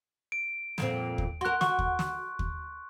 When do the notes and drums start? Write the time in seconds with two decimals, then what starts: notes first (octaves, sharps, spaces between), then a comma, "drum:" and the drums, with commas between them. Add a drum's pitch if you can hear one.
0.32 D7
0.78 F2 A#2 C4, drum: snare
1.18 drum: kick
1.41 F#4 A#4 C6 F#6
1.61 F#4 C#6, drum: snare
1.79 drum: kick
1.99 drum: snare
2.39 drum: kick